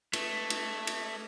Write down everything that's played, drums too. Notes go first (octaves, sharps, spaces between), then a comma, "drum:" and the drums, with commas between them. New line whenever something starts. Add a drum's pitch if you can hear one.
A3, drum: cymbal
drum: cymbal
drum: cymbal